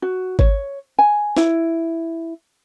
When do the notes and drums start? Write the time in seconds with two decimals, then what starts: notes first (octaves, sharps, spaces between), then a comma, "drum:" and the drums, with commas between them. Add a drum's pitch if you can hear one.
0.02 F#4
0.39 C#5, drum: kick G#1
0.99 G#5
1.37 E4, drum: snare